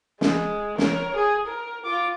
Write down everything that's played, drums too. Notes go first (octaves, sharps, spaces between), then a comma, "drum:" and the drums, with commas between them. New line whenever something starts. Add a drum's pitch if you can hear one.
G#3, drum: snare
A#4 C#5, drum: snare
G#4
A#4
F4 D6